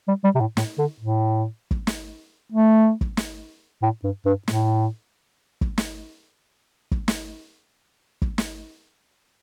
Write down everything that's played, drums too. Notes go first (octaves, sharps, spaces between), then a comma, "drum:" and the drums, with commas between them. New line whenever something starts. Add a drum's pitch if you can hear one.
G3
G3
C3
A2
A2, drum: snare
D3
A2
drum: kick
drum: snare
A3
drum: kick
drum: snare
A2
G2
G2
A2, drum: snare
drum: kick
drum: snare
drum: kick
drum: snare
drum: kick
drum: snare